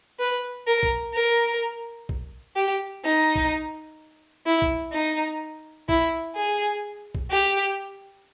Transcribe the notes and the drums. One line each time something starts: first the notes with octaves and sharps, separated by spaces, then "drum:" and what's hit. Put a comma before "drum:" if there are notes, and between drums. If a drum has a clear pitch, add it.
B4
A#4
drum: kick B1
A#4
drum: kick B1
G4
D#4
drum: kick B1
E4
drum: kick B1
D#4
E4, drum: kick B1
G#4
drum: kick B1
G4